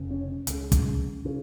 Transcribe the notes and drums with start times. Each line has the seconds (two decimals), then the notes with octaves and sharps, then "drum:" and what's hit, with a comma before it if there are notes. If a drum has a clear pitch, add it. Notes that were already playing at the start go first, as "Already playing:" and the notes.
Already playing: F1 F2 C#3
0.11 C#4
0.47 C#2 C#3, drum: hi-hat
0.72 drum: kick, hi-hat
1.25 C#3